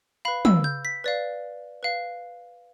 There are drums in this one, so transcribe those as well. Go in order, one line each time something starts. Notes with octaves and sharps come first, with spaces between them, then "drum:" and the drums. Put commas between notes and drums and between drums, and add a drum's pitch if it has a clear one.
B4 F5 B5
E6, drum: tom
G6
B6
B4 D5 F5
B4 F5